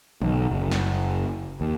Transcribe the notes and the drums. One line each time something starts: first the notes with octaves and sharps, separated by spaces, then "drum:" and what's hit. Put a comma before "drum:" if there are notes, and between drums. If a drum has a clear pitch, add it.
B1, drum: tom
F#1
drum: snare
D#2